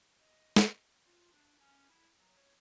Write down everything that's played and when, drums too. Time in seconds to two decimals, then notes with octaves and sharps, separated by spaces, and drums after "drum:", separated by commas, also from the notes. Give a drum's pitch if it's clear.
0.21 D#5
0.56 drum: snare
1.05 F4
1.33 D4
1.59 C#4
1.89 E4
2.17 F#3
2.35 C#5